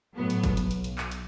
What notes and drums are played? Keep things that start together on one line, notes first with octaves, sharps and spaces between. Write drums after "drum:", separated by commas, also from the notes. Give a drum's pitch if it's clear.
A2 F#3 B3
drum: hi-hat
drum: kick, hi-hat
B1, drum: hi-hat
drum: hi-hat
drum: hi-hat
drum: clap
drum: hi-hat